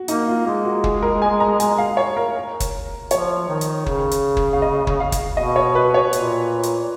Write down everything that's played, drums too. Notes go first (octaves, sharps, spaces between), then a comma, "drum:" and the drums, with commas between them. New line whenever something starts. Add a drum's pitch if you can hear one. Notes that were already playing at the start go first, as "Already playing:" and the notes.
Already playing: F#4
A#3 D#4, drum: hi-hat
F4
G#3 F4
F#4
G#4, drum: kick
A#4
G#5
A#5
G#5, drum: hi-hat
F5
C#5
A#4
drum: kick, hi-hat
F3 C#5, drum: hi-hat
D#3
drum: hi-hat
C#3, drum: kick
drum: hi-hat
drum: kick
F5
D#5
drum: kick
F5
drum: kick, hi-hat
B2 D#5
C#5
B4
C#5
A#2, drum: hi-hat
drum: hi-hat